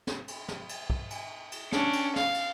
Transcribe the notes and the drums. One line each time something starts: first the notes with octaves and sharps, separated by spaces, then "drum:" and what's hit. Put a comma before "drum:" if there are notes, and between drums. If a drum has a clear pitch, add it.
drum: snare
drum: cymbal
drum: snare
drum: cymbal
drum: kick
drum: cymbal
drum: cymbal
C#4 D4, drum: snare
drum: cymbal
F5, drum: snare
drum: cymbal